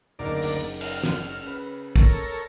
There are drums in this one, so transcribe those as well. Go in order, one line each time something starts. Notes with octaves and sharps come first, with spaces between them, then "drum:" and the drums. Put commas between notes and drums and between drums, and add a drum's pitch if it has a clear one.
F#1 D2 A#3 D#4 A#4 D5
drum: open hi-hat
F6, drum: cymbal
drum: snare
C#3 B4
A4 A#4 C#5, drum: kick